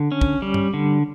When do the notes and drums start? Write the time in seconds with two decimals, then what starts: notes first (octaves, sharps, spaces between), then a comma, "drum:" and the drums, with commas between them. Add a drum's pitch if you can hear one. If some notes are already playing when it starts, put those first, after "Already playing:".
Already playing: D3
0.12 C#4
0.21 drum: kick
0.42 G3
0.54 drum: tom G2
0.74 D3